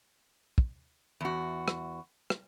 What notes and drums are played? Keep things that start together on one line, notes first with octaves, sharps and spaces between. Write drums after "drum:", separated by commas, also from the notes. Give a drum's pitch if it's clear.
drum: kick
E2 F#4
drum: rim click
drum: rim click